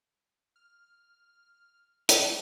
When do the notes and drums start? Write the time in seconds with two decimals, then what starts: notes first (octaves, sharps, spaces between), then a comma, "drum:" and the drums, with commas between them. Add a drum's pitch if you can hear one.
0.56 F6
2.09 G#3 D#5, drum: hi-hat